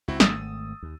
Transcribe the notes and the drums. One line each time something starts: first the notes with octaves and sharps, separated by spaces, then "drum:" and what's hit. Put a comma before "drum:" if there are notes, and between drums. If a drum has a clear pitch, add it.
C#2 C4 E4 F#4
G#1 A3 D#6 E6 A6, drum: snare
D#2